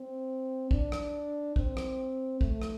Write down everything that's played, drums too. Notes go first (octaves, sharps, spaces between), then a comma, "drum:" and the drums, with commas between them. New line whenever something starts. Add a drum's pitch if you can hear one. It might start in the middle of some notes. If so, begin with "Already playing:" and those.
Already playing: C4
D4, drum: kick
drum: rim click
C4, drum: kick
drum: rim click
A3, drum: kick
drum: rim click